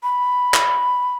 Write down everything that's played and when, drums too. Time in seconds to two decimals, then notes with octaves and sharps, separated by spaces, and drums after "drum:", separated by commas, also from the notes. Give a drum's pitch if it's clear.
0.03 B5
0.54 drum: clap